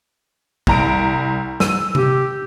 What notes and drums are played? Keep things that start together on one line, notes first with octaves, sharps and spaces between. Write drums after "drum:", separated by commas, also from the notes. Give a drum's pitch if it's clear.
C2 A#5 D7, drum: kick
E6 D#7, drum: snare
G4, drum: tom C3